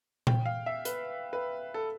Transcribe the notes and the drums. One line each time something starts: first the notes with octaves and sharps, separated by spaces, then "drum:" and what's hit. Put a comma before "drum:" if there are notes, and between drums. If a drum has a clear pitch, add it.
G5, drum: tom A#2
F5
E5
B4, drum: hi-hat
B4
A4